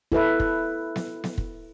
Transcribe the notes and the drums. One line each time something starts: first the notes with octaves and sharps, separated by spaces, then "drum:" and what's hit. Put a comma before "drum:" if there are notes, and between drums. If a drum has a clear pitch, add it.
E4 A4 B4 E5, drum: kick
drum: kick
drum: snare B3
drum: snare B3
drum: kick